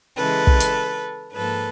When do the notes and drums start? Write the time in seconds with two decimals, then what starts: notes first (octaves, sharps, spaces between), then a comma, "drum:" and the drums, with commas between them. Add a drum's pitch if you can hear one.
0.17 C#3 E3 G#3 A4 B4
0.47 drum: kick
0.60 drum: hi-hat
1.34 G#2 F3 A#3 A4 B4